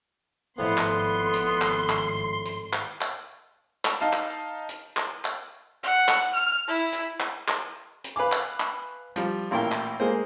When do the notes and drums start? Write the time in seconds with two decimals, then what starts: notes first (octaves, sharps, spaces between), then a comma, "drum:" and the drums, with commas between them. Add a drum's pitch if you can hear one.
0.58 G#1 F2 A2 B3 A4 D5 B5 C6
0.78 drum: clap
1.34 drum: hi-hat
1.62 drum: clap
1.89 drum: clap
2.45 drum: hi-hat
2.73 drum: clap
3.01 drum: clap
3.85 drum: clap
4.01 D#4 F5 A5
4.13 drum: clap
4.69 drum: hi-hat
4.97 drum: clap
5.25 drum: clap
5.83 F#5, drum: hi-hat
6.09 drum: clap
6.33 F6
6.67 E4
6.92 drum: hi-hat
7.20 drum: clap
7.48 drum: clap
8.04 drum: hi-hat
8.16 B4 F5 G#5 D6
8.32 drum: clap
8.60 drum: clap
9.16 F3 G3, drum: hi-hat
9.51 A1 A#2 E4 A#4 F5 G5
9.72 drum: clap
10.00 G#3 A#3 C5